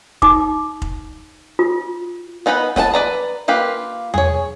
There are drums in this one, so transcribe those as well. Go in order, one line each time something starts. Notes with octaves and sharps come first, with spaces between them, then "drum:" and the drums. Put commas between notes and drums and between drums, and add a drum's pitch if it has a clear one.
D#4 D6, drum: kick F1
drum: kick F1
F4
B3 D#4 B4 A#5 B5
B3 D#5 G5 A5, drum: snare
B4 D5 A#5
A#3 F4 G4 B4
G#4 C#5, drum: tom E2